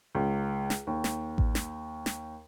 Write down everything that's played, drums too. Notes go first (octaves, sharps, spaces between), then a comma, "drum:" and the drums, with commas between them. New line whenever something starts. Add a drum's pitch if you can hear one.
C#2
drum: snare
D#2
drum: snare
drum: kick A1
drum: snare
drum: snare